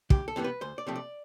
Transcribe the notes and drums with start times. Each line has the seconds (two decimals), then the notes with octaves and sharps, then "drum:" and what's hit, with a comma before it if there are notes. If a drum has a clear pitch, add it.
0.10 D2 G4, drum: kick
0.28 A4
0.36 C3 E3 G3 B3
0.44 B4
0.61 D2 C5
0.78 D5
0.87 C3 F3 A3 C4
0.96 D5